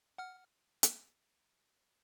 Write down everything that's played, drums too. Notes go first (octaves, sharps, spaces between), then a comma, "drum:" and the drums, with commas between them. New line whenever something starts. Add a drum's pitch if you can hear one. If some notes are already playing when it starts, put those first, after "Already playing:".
F#5 F6
drum: hi-hat